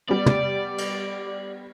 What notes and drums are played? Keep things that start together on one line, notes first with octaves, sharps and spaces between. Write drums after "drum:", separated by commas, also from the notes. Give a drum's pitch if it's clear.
G3 B3 D5
drum: tom
drum: cymbal